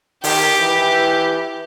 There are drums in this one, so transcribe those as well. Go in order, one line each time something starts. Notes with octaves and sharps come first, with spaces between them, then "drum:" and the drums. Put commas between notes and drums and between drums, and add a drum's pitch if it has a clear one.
D#3 G4, drum: open hi-hat
E3